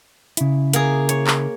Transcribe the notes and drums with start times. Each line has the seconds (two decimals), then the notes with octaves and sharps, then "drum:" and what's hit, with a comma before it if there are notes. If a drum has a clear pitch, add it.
0.37 C#3 E4, drum: hi-hat
0.73 A#3 G#4, drum: hi-hat
1.09 C#5, drum: hi-hat
1.27 drum: clap